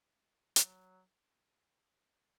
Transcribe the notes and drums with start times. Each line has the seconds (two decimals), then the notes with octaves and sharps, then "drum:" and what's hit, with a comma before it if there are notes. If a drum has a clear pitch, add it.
0.56 F#3, drum: hi-hat